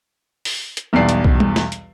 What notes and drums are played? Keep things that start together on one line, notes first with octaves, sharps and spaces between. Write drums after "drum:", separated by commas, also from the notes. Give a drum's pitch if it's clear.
drum: open hi-hat
drum: hi-hat
B1 E2 B2 G3 D5 C7
drum: hi-hat
drum: kick B1
drum: tom G3
drum: snare
drum: hi-hat